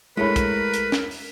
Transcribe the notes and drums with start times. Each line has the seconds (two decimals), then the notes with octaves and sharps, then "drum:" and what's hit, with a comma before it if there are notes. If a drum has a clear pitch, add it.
0.17 G#3 A3 E4 A#4 B4 C#5 B5
0.36 drum: kick, hi-hat
0.74 drum: hi-hat
0.92 drum: snare
1.11 drum: open hi-hat